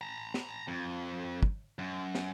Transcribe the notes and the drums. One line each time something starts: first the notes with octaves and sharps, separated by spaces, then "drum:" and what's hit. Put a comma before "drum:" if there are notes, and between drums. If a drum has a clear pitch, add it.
A5 A#5
drum: snare
F2
drum: kick
F#2
drum: snare